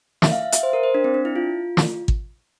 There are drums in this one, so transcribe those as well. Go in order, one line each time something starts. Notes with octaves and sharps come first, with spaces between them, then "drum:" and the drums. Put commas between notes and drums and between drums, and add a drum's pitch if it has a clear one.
E5, drum: snare
F5
F5
E5, drum: hi-hat
C5
A#4
C5
D4
C4
D4
E4
F4
drum: snare
drum: kick